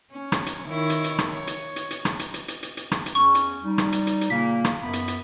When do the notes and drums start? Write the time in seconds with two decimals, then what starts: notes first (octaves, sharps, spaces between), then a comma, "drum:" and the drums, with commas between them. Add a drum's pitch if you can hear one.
0.10 C#4
0.32 drum: rim click
0.46 drum: hi-hat
0.66 D#3 E4 C#5
0.90 drum: hi-hat
1.04 drum: hi-hat
1.18 drum: rim click
1.28 C#5
1.47 drum: hi-hat
1.76 drum: hi-hat
1.91 drum: hi-hat
2.05 drum: rim click
2.19 drum: hi-hat
2.34 drum: hi-hat
2.48 drum: hi-hat
2.63 drum: hi-hat
2.77 drum: hi-hat
2.91 drum: rim click
3.06 drum: hi-hat
3.15 E2 C#4 C#6
3.35 drum: hi-hat
3.64 G3 D#4
3.78 drum: rim click
3.92 drum: hi-hat
4.07 drum: hi-hat
4.21 drum: hi-hat
4.30 A#2 C#3 A#3 B6
4.64 drum: rim click
4.82 F#2 B3 B5
4.93 drum: hi-hat
5.08 drum: hi-hat